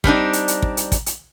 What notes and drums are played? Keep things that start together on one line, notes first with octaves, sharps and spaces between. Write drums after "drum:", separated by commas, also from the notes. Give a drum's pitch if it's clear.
G3 C4 D4 D#4, drum: kick
drum: hi-hat
drum: hi-hat
drum: kick
drum: hi-hat
drum: kick, hi-hat
drum: hi-hat